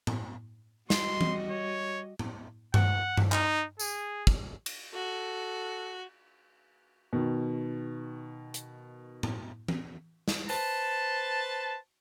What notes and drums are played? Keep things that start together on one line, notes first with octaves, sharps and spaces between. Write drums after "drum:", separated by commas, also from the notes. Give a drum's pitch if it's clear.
drum: tom A2
G3 F#4 D#5 C6, drum: snare
drum: tom E3
C#5
drum: tom A2
F#5, drum: tom G2
drum: tom G2
D#4, drum: clap
G#4, drum: tambourine
drum: kick
drum: cymbal
F#4 A4
B2 D#3
drum: hi-hat
drum: tom A2
drum: tom E3
drum: snare
B4 C5 A5, drum: open hi-hat